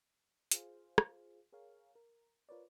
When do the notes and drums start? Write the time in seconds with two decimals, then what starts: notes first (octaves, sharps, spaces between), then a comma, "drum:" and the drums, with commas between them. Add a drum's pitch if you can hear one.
0.52 F4 G#4 C5 F5, drum: hi-hat
0.98 drum: rim click
1.53 G#4 A#4 C#5 F5
1.95 A#4
2.49 F4 A#4 B4 C#5 D5